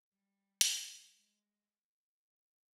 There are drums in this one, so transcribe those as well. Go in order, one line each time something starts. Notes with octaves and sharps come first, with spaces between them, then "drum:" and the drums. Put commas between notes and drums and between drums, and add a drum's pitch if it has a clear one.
G3
drum: hi-hat
G#3